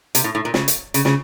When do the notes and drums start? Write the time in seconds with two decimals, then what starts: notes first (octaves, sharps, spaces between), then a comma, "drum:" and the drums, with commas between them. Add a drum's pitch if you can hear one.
0.15 C3, drum: hi-hat
0.24 A2
0.35 A2
0.45 A#2
0.54 C#3, drum: snare
0.68 drum: hi-hat
0.94 C#3, drum: hi-hat
1.05 C#3, drum: snare